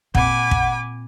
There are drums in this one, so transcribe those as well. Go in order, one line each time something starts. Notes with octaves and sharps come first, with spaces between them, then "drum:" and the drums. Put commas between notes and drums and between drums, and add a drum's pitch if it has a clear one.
A#2 C4 F#5 G#5 B5 D6, drum: kick
drum: kick